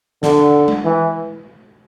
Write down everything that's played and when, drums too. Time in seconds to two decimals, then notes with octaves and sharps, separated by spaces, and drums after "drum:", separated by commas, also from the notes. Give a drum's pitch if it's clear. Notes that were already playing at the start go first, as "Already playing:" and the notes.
0.23 D3, drum: snare
0.68 drum: tom G#3
0.85 E3